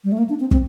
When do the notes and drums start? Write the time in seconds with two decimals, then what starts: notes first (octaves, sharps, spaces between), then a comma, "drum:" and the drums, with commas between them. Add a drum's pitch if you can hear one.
0.04 G3
0.12 A3
0.18 A#3
0.29 D4
0.40 C4
0.51 C4, drum: kick